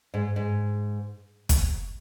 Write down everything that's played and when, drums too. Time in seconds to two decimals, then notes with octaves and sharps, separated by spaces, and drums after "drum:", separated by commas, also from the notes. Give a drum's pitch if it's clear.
0.14 G#2
0.36 G#2
1.49 drum: kick, hi-hat